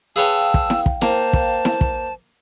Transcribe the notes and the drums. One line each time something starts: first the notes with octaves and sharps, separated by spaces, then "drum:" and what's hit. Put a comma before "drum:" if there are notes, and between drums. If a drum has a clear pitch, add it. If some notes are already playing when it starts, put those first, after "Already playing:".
G#4 B4 C#5 F5 G5 A5 E6
drum: kick
drum: snare E4
drum: kick
A#3 C5 A5, drum: snare E4
drum: kick
drum: snare E4
drum: kick